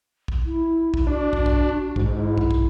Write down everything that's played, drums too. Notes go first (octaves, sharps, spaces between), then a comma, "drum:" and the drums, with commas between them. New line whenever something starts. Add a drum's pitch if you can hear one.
drum: kick
E4
drum: kick
D4 F#4
drum: kick
drum: kick
G#2, drum: kick
E4
drum: kick
drum: kick